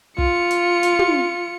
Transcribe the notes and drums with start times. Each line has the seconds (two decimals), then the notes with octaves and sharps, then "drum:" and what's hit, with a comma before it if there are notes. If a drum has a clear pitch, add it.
0.18 F4 C#7, drum: kick
0.51 drum: hi-hat
0.83 drum: hi-hat
0.99 drum: tom